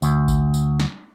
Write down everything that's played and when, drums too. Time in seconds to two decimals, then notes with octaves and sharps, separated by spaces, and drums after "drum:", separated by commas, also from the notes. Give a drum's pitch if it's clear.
0.02 D2, drum: tambourine
0.28 drum: kick A1, tambourine
0.54 drum: tambourine
0.80 drum: snare